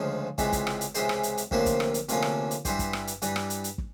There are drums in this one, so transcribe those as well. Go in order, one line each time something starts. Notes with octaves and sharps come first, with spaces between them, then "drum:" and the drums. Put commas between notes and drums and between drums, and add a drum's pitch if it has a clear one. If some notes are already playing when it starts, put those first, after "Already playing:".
Already playing: D2 C#3 F3 G#3
C#2 C3 E3 G#3, drum: kick, hi-hat
drum: kick, hi-hat
drum: rim click
drum: hi-hat
C#2 C3 E3 G#3 C5, drum: hi-hat
drum: rim click
drum: hi-hat
drum: hi-hat
D2 C3 F3 A#3 C#4 C5, drum: kick
drum: kick, hi-hat
drum: rim click
drum: hi-hat
D2 C3 F3 A#3 C#4, drum: hi-hat
drum: rim click
drum: hi-hat
G2 E3 G3 C5, drum: kick, hi-hat
drum: kick, hi-hat
drum: rim click
drum: hi-hat
G2 E3 G3, drum: hi-hat
drum: rim click
drum: hi-hat
drum: hi-hat
drum: kick